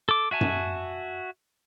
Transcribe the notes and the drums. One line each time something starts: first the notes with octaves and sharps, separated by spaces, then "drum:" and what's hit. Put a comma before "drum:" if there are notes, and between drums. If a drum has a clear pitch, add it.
A4 D6
F#4 E5 G#5 A5
drum: tom F#2